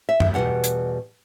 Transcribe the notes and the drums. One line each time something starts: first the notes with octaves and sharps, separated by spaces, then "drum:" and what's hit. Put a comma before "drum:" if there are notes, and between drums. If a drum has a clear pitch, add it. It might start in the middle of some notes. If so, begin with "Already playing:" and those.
E5
drum: tom F#2
E2 B2 G3 F#5
drum: hi-hat